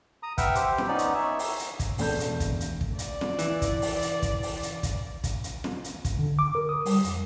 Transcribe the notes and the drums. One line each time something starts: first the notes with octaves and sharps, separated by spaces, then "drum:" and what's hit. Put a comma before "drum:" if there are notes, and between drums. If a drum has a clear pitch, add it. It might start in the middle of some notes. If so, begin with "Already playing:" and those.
A#5 D#6
B4 E5 F#5 G5 F6, drum: kick, hi-hat
G4 C5, drum: hi-hat
drum: snare
B3 C#4 D#4 D5
drum: hi-hat
D#4 C#5 E5
drum: open hi-hat
drum: hi-hat
drum: kick, hi-hat
E1 A3 D5 G6, drum: open hi-hat
drum: hi-hat
drum: kick, hi-hat
drum: hi-hat
drum: kick
D5, drum: hi-hat
drum: snare
E3, drum: hi-hat
drum: kick, hi-hat
drum: open hi-hat
drum: hi-hat
drum: kick, hi-hat
drum: open hi-hat
drum: hi-hat
drum: kick, hi-hat
drum: kick, hi-hat
drum: hi-hat
drum: snare
drum: hi-hat
drum: kick, hi-hat
D3
D6
A#4
D#6
G3, drum: open hi-hat
F2, drum: hi-hat